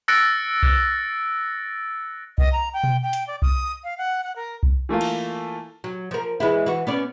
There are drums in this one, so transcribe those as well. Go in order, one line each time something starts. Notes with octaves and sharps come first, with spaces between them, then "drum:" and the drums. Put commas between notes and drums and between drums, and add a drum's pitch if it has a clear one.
E6 F#6 A6 A#6 C#7 D7
drum: kick C2
D#5, drum: kick C2
A#5
G5
drum: tom B2
G5
drum: hi-hat
D5
D#6, drum: kick C2
F5
F#5
F#5
A#4
drum: kick C2
E3 A3 A#3 F4
drum: cymbal
F#3
F3 A#4
E3 G#3 E4
E3 F#4
B3 C#4 D5